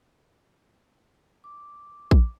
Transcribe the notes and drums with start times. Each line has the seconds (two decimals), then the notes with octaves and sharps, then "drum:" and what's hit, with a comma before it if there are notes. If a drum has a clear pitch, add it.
1.44 D6
2.11 drum: kick